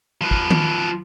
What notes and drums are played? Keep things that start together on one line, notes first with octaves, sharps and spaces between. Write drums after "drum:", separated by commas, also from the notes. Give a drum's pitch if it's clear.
F3 B4
drum: kick
drum: tom D#3